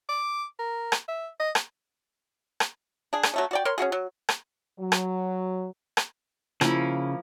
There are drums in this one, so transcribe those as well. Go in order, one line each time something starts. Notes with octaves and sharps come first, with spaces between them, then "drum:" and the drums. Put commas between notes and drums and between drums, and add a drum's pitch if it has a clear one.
D6
A#4
drum: rim click
E5
D#5
drum: rim click
drum: rim click
D4 G#4
drum: rim click
F#3 A3 C#4
F#4 D5 G5
A#4 C#5 C6
C#4 E4 F#4 G#4
F#3
drum: rim click
F#3
drum: rim click
drum: rim click
C#3 F3 A#3 E4, drum: rim click